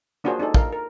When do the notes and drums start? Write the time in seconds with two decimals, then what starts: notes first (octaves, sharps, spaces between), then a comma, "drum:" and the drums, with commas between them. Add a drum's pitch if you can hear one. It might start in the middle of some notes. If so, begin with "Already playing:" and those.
0.24 A#3 D4 F4 F#4 G#4 C5
0.40 D4 D#4 G#4 A4
0.54 A#4 F5, drum: kick
0.73 A#4